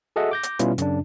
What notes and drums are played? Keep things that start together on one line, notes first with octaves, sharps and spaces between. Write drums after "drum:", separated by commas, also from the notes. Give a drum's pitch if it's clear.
F#4 G#4 A4 D#5 E5 F#5
D6 G6 A#6
drum: hi-hat
B2 G3 C#4 E4 F4 B4, drum: hi-hat
F#2 C#3 D4, drum: hi-hat